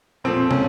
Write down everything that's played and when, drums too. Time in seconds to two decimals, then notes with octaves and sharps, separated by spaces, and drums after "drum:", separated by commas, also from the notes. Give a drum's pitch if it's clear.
0.24 A#2 F3 A3 C4
0.51 C#4, drum: tom